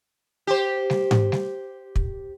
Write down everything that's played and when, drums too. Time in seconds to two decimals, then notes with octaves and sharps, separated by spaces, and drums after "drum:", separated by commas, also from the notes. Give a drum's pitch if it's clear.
0.47 G4 C5
0.90 drum: snare G3
1.11 drum: tom G#2
1.32 drum: snare G3
1.96 drum: kick